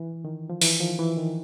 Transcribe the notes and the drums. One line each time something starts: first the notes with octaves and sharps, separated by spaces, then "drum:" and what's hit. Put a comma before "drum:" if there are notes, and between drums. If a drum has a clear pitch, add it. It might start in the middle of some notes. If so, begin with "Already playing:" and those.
Already playing: E3
D#3
F3
E3, drum: open hi-hat
D#3 F3
E3
D#3